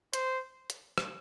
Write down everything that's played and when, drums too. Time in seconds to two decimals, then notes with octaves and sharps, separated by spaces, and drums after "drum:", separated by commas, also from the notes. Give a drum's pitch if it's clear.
0.13 C5, drum: hi-hat
0.70 drum: hi-hat
0.98 drum: rim click